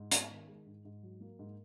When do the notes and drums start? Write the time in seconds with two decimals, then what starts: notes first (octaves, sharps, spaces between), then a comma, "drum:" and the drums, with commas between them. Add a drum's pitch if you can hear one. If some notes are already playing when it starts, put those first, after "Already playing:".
Already playing: G#2
0.11 B3, drum: hi-hat
0.30 D#3
0.48 G#3
0.66 G#2
0.85 G#2
1.03 F#3
1.21 A#3
1.39 G#2